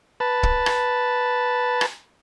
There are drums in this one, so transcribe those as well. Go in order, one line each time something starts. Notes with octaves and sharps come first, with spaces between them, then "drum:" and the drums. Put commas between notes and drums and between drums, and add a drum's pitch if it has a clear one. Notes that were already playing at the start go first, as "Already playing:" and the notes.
B4 A5
drum: kick
drum: rim click
drum: rim click